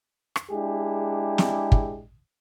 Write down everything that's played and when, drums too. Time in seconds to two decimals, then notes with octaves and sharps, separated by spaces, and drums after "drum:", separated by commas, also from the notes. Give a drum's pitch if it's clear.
0.36 drum: rim click
0.51 G#3 D4 E4 G4 G#4
1.38 drum: snare
1.72 drum: kick